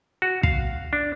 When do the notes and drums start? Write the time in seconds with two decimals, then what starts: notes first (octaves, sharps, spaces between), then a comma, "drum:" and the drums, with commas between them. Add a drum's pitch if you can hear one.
0.22 F#4
0.43 F5, drum: kick
0.93 D4